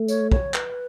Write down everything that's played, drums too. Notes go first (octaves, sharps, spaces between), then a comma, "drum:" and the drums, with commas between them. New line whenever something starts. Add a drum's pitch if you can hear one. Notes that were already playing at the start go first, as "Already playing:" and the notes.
Already playing: A3
C#5, drum: tambourine
C#5, drum: kick
B4, drum: clap